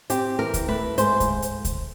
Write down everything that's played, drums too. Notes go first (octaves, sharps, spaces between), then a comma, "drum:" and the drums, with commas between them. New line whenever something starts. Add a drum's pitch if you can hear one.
C4 G4, drum: hi-hat
E3 A#4
drum: kick C#2, hi-hat
A3 B4
G#2 C5, drum: hi-hat
drum: kick C#2, hi-hat
drum: hi-hat
drum: kick C#2, hi-hat